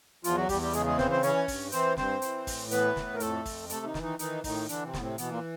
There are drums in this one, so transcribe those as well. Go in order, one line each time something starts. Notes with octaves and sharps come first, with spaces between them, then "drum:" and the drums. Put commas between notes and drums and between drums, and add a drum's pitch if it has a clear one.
E2 F3 F4, drum: hi-hat
F#3 F#4
E2 G3 G4, drum: kick, open hi-hat
G3 G4
C#3 G#3 G#4, drum: hi-hat
G#3 G#4
E3 C4 C5, drum: snare
C4 C5
E3 C#4 C#5, drum: hi-hat
G2, drum: kick, open hi-hat
E3 C4 C5, drum: hi-hat
G2 C4 C5, drum: snare
E3, drum: hi-hat
A2, drum: kick, open hi-hat
E3 B3 B4, drum: hi-hat
A2, drum: snare
A#4
F2 A3 A4, drum: hi-hat
F2, drum: kick, open hi-hat
C3 A3 A4, drum: hi-hat
D#3 D#4
E3, drum: snare
D#3 D#4
D#3 E3 D#4, drum: hi-hat
A2 D#3 D#4, drum: kick, open hi-hat
D3 E3 D4, drum: hi-hat
C3 C4
A2 B3, drum: snare
C3 C4
B2 E3 B3, drum: hi-hat
A#2 A#3